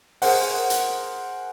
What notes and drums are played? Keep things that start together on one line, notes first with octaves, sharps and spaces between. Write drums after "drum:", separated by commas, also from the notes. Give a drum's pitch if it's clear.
G#4 A#4 C5 F#5, drum: open hi-hat
drum: hi-hat